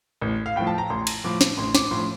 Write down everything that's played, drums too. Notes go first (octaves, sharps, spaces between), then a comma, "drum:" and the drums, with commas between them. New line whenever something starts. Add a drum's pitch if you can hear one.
A1
F5
A2 F3 G5
A5
A#5
A1 C6
drum: cymbal
A2 F3 D6
drum: snare
A1 C6
D6, drum: snare
A2 F3 C6